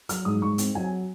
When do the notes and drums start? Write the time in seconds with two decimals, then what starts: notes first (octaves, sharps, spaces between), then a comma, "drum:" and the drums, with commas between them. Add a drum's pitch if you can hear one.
0.09 F#3 F6, drum: hi-hat
0.25 G#2 D#6
0.42 G#2 C#6
0.58 C4, drum: hi-hat
0.75 F#3 G#5